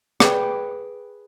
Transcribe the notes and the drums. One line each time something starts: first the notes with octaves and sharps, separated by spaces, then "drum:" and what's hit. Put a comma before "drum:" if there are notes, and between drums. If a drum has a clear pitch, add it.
G#4 B4 G5, drum: rim click